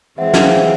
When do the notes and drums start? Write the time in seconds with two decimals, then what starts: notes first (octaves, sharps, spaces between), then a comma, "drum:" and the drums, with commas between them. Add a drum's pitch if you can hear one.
0.17 E3 G#3 C4 E5 F#5
0.33 F#5, drum: snare
0.41 F5 G5